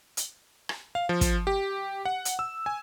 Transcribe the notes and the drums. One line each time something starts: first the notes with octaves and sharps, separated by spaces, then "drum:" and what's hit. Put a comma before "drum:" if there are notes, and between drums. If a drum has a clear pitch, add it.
drum: hi-hat
drum: rim click
F5
F3
drum: kick, hi-hat
G4
F#5
drum: hi-hat
E6
G#5